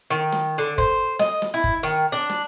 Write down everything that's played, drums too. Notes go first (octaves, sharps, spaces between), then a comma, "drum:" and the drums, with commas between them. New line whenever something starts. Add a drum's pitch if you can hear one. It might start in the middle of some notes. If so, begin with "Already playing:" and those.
D#3
drum: snare
D3
C5, drum: kick F#1
D#5, drum: snare
drum: snare
E4
drum: kick F#1
D#3
D4
drum: snare